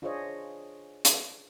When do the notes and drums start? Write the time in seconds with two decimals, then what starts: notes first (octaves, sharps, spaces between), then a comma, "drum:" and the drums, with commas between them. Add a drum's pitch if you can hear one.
0.02 D4 F4 G#4 C5 C#5 D#5
1.05 drum: hi-hat